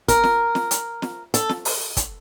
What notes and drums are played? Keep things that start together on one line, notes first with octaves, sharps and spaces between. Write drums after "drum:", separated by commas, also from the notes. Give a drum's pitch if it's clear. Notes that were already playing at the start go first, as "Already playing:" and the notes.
A#4, drum: kick, hi-hat
drum: snare
drum: snare
drum: hi-hat
drum: snare
A4, drum: hi-hat
drum: snare
drum: open hi-hat
drum: kick, hi-hat